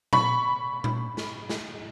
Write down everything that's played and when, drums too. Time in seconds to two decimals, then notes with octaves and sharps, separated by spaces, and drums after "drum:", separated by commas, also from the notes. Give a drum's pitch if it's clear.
0.13 B5 C#6, drum: tom A#2
0.84 drum: tom A#2
1.17 drum: snare
1.49 drum: snare